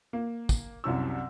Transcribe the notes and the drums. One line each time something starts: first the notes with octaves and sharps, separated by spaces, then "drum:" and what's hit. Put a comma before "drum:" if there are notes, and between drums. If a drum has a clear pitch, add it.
A#3
drum: kick, tambourine
C2 F#2 C3 E6